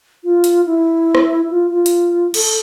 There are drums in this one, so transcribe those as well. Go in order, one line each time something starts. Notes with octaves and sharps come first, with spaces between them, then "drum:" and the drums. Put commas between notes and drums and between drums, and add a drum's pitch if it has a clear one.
F4
drum: hi-hat
E4
drum: rim click
F4
F4
drum: hi-hat
A4, drum: cymbal